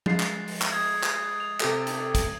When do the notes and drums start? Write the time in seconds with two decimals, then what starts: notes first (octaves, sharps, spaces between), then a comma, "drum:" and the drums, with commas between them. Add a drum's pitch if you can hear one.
0.06 G#3 A6 C7, drum: tom F3
0.20 drum: clap
0.48 drum: open hi-hat
0.62 drum: clap
0.72 D#6 G#6
1.03 drum: clap
1.40 F7
1.60 C3 G4 A4, drum: clap
1.87 drum: hi-hat
2.15 drum: kick, hi-hat